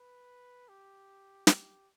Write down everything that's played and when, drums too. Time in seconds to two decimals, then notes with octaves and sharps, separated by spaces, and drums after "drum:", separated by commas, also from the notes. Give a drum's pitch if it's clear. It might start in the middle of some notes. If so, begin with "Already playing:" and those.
Already playing: B4
0.68 G4
1.47 G4, drum: snare